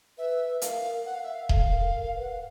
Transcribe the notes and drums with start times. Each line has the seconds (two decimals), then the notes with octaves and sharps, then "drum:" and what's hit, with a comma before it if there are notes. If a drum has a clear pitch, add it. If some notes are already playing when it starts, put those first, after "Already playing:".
0.18 B4 E5
0.62 A#4 F5, drum: hi-hat
1.06 F#5
1.15 F5
1.24 E5
1.34 F5
1.49 A4 F5, drum: kick D#1
1.72 A#4
1.93 A#4
2.16 B4 F#5
2.29 F5